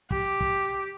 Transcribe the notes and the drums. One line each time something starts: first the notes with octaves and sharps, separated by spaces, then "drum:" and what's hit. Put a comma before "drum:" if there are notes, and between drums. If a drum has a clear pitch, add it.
G4, drum: kick
drum: kick